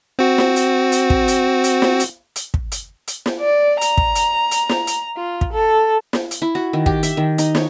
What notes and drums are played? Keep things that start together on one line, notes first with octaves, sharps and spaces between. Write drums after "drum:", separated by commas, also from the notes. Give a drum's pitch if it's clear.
C4 F#4
drum: snare
drum: hi-hat
drum: hi-hat
drum: kick
drum: hi-hat
drum: hi-hat
drum: snare
drum: hi-hat
drum: hi-hat
drum: kick
drum: hi-hat
drum: hi-hat
drum: snare
D5
A#5, drum: hi-hat
drum: kick
drum: hi-hat
drum: hi-hat
drum: snare
drum: hi-hat
F4
drum: kick
A4
drum: snare
drum: hi-hat
E4
F#4
D#3
G4, drum: kick
E5, drum: hi-hat
D#3
D#4, drum: hi-hat
C#5, drum: snare